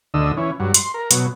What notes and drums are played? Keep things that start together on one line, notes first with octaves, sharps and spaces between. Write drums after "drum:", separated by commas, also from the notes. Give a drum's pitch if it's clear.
D2 D3 D#5 E6
E3 C#4
G2 F#3
C6, drum: hi-hat
A#4
B2 F#3, drum: hi-hat